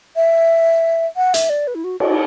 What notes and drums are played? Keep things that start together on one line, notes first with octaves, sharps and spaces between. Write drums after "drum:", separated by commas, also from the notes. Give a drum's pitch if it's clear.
E5
F#5
E5, drum: hi-hat
D5
B4
E4
F#4
F#4, drum: cymbal